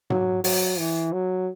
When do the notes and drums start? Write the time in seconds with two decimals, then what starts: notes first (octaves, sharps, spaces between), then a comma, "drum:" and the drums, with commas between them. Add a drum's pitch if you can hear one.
0.10 F#3, drum: tom G#2
0.44 F#3, drum: open hi-hat
0.78 E3
1.13 F#3